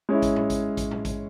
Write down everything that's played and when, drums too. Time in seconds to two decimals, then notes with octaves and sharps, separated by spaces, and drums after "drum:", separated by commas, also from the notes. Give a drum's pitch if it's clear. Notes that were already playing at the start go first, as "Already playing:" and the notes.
0.09 G#3 C#4 E4
0.22 drum: kick A1, hi-hat
0.36 drum: tom A2
0.50 drum: kick A1, hi-hat
0.77 drum: kick A1, hi-hat
0.91 drum: tom A2
1.05 drum: kick A1, hi-hat